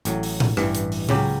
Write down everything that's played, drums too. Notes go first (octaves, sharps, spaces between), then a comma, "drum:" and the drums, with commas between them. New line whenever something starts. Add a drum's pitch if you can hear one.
A1 A2 F#3, drum: hi-hat
drum: open hi-hat
drum: tom A2
A1 G2 E3, drum: rim click
drum: hi-hat
drum: open hi-hat
C#2 C#3 F#3 C#4 G4, drum: tom A2